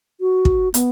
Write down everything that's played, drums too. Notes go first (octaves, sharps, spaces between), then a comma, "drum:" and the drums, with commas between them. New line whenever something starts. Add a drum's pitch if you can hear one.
F#4
drum: kick
B3, drum: hi-hat